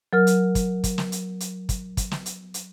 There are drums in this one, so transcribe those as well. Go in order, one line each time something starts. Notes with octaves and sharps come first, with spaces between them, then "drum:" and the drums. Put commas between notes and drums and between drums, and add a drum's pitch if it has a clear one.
F#3 A#4 F6
drum: hi-hat
drum: kick, hi-hat
drum: kick, hi-hat
drum: snare
drum: hi-hat
drum: hi-hat
drum: kick, hi-hat
drum: kick, hi-hat
drum: snare
drum: hi-hat
drum: hi-hat